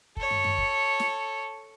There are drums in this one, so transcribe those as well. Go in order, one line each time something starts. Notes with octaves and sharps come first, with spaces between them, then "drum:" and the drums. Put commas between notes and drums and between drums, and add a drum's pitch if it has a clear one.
A4 C#5, drum: kick
drum: tom
drum: tom
drum: kick
drum: snare